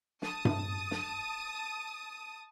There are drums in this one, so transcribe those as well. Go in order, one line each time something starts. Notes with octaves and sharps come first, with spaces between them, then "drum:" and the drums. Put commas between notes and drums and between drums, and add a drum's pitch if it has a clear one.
A5 D#6, drum: snare
drum: tom G2
drum: snare